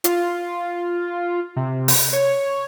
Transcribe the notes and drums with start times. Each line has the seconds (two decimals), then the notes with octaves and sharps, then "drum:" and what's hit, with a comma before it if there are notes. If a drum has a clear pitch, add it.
0.04 F4, drum: hi-hat
1.56 C3
1.88 drum: open hi-hat
2.13 C#5